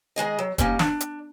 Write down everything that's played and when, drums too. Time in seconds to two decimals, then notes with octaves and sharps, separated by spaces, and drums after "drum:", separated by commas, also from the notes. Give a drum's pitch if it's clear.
0.16 D#3 G#3 G#4 D#5
0.39 F#3
0.58 G3 A#3 C#4 D#4, drum: kick F1, hi-hat
0.79 D4, drum: snare
1.00 drum: hi-hat